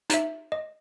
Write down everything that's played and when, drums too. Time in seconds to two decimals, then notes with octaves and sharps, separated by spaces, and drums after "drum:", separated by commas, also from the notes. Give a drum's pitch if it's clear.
0.10 D#4 E5, drum: hi-hat
0.52 D#5